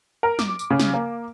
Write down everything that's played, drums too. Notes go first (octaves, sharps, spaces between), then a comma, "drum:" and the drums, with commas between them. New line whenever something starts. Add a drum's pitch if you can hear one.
A#4
D6, drum: snare
drum: tambourine
C#3
drum: snare
A#3